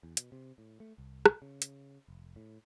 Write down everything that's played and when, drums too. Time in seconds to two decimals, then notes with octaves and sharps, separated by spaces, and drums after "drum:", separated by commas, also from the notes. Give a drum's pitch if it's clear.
0.03 E2
0.17 B2, drum: hi-hat
0.32 C3
0.58 A2
0.80 A3
0.98 C2
1.26 drum: rim click
1.42 C#3
1.62 drum: hi-hat
2.08 F1
2.36 A2